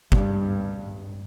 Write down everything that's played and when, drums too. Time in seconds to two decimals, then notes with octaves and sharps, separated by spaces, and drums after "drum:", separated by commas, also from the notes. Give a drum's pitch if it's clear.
0.12 G2, drum: kick